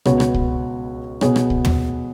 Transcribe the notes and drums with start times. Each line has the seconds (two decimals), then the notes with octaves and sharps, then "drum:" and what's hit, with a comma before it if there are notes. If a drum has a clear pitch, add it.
0.05 C#2 B2 B3 F#4 C#5, drum: rim click
0.20 drum: rim click
0.34 drum: kick C2
1.21 B2 B3 G#4 C#5, drum: rim click
1.36 drum: rim click
1.50 drum: kick C2
1.65 drum: tom